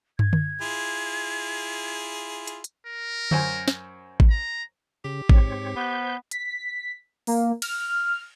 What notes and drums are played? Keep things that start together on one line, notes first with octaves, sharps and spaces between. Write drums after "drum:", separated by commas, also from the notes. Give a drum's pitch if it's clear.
G#6, drum: tom
drum: tom D3
E4 F4 G#4
drum: hi-hat
drum: hi-hat
A#4
F#2 C5 G#5, drum: tom D3
drum: snare
drum: kick A1
A#5
C#3 G4
G#2 C4 C#5, drum: kick A1
B3 C5 G6
B6, drum: hi-hat
A#3, drum: open hi-hat
F6, drum: cymbal